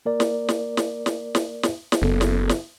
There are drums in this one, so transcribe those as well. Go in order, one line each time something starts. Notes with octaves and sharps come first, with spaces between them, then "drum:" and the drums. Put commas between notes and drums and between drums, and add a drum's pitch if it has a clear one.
A#3 A#4 D5
drum: snare
drum: snare
drum: snare
drum: snare
drum: snare
drum: snare
drum: snare
F#1 B3 A4
drum: snare
drum: snare